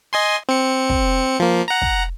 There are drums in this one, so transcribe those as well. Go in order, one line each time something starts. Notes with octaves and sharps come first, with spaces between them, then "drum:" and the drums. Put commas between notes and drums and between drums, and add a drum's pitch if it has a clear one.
D#5 G#5 C6
C4 C#7
drum: kick
F3 A#3
F#5 A#5
drum: kick